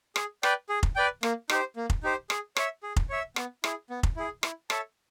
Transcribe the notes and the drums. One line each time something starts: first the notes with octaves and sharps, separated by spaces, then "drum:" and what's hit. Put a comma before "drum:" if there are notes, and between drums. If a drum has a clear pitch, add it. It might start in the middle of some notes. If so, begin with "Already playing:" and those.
G#4, drum: rim click
B4 D5 G5, drum: rim click
G#4
drum: kick F1
B4 D5 G5
A#3, drum: rim click
D#4 G4 C5, drum: rim click
A#3
drum: kick F1
D#4 G4 C5
G#4, drum: rim click
C#5 E5, drum: rim click
G#4
drum: kick F1
C#5 E5
B3, drum: rim click
E4 G#4, drum: rim click
B3
drum: kick F1
E4 G#4
E4, drum: rim click
A4 C#5 E5 A5, drum: rim click